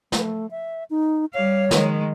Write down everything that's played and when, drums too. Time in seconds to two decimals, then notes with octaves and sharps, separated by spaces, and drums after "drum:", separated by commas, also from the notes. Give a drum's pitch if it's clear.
0.12 A3, drum: snare
0.51 E5
0.90 D#4
1.34 G3 C#5 F5
1.71 D#3 G#3, drum: snare